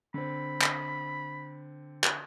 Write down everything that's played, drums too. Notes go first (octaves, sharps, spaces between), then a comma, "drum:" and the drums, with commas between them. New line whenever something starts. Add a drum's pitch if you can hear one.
D3 C4 B5
drum: clap
drum: clap